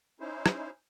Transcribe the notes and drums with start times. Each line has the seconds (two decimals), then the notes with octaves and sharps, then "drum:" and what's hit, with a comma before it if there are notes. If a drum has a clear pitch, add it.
0.20 C#4 D#4 E4 C5
0.46 drum: rim click